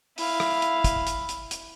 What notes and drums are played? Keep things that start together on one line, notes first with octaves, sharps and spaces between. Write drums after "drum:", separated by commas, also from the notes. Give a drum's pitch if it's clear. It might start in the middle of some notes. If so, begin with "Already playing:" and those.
E4 F5, drum: open hi-hat
drum: rim click
drum: hi-hat
drum: kick, hi-hat
drum: hi-hat
drum: hi-hat
drum: hi-hat